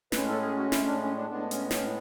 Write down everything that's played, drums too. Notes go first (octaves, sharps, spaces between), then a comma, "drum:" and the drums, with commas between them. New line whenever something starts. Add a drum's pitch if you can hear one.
A2 G#3 C#4 B4, drum: snare
A4
G#4
F#4
E4, drum: snare
D4
C#4
D4
A2 G#3 B3 D4
C#4, drum: hi-hat
C#4, drum: snare